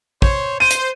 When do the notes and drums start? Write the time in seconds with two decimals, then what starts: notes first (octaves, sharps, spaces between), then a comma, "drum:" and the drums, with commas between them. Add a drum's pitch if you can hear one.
0.22 C5 C#5, drum: kick
0.60 C5 D#7
0.71 drum: hi-hat